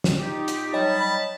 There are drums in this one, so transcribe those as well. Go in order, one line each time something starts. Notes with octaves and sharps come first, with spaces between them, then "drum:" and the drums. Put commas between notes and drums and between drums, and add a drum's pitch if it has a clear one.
drum: snare
A#2 D#4 F4 G4
drum: hi-hat
F#3 G3 C#5 D#5 G5 A5 B5